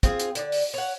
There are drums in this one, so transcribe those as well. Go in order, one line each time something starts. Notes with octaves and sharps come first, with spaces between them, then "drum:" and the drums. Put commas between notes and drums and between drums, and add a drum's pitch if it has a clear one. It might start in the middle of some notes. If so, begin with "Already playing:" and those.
C4 F4 G#4, drum: kick, hi-hat
drum: hi-hat
D3 D5, drum: hi-hat
drum: open hi-hat
C#5 F#5